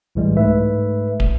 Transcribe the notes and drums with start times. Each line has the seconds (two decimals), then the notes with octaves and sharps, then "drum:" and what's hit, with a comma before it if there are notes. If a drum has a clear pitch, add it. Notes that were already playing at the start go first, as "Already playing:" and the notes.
0.15 C2 A2 E3 G3 G#3
0.37 G#2 A3 B4 E5
1.20 drum: kick